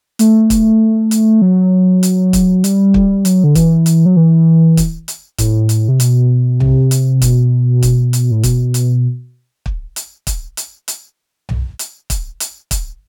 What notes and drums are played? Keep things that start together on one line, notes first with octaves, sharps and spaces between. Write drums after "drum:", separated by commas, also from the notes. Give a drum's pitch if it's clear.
A3, drum: hi-hat
drum: kick, hi-hat
drum: hi-hat
F#3
drum: hi-hat
drum: kick, hi-hat
G3, drum: hi-hat
drum: kick
F#3, drum: hi-hat
D3
E3, drum: kick, hi-hat
drum: hi-hat
F#3
E3
drum: kick, hi-hat
drum: hi-hat
A2, drum: kick, hi-hat
drum: hi-hat
C3
B2, drum: hi-hat
C3, drum: tom B1
drum: hi-hat
B2, drum: kick, hi-hat
drum: kick, hi-hat
drum: hi-hat
A2
B2, drum: kick, hi-hat
drum: hi-hat
drum: kick
drum: hi-hat
drum: kick, hi-hat
drum: hi-hat
drum: hi-hat
drum: tom B1
drum: hi-hat
drum: kick, hi-hat
drum: hi-hat
drum: kick, hi-hat